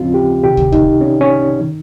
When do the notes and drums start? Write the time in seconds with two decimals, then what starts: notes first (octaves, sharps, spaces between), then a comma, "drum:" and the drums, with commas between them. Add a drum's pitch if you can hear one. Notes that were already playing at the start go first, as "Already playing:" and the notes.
Already playing: D#2 C#3 F3 C4 C#4 F4
0.14 G4
0.43 C2 C3 D#3 G4
0.57 drum: kick
0.72 D#4, drum: kick
1.01 C#4
1.21 C#4
1.60 D#3